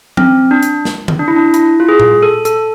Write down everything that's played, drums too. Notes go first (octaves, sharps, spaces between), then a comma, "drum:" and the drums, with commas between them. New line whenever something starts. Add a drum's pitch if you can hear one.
C4, drum: tom F3
D4
drum: hi-hat
drum: snare
drum: tom D3
D4
E4
D4
E4, drum: hi-hat
F4
G#4
drum: tom A#2
A4
A4, drum: hi-hat